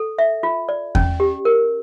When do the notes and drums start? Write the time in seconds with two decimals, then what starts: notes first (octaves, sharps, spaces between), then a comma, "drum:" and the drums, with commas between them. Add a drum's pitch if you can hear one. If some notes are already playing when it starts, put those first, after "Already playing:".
Already playing: A4
0.18 E5
0.43 F4
0.69 D5
0.95 C#4, drum: kick E2
1.20 G4
1.45 A#4